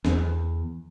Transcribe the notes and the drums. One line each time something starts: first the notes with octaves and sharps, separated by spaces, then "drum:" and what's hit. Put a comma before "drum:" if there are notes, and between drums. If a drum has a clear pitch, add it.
E2, drum: snare C#4